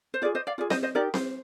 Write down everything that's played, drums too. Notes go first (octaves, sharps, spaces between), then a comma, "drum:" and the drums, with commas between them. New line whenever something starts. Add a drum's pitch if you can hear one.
C5
F4 G#4 D5
C5 D#5
D5 F5
F4 G#4 D5
C5 D#5, drum: snare C4
C5 D#5
D#4 G4 A#4 D5
C5, drum: snare C4